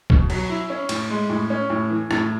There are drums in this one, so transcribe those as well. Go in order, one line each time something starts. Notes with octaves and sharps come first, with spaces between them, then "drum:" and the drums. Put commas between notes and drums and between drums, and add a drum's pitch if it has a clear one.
B2, drum: kick
F#3, drum: cymbal
E4
C#4
A2, drum: cymbal
G#3
A2
C#4
A2
E3
A2, drum: rim click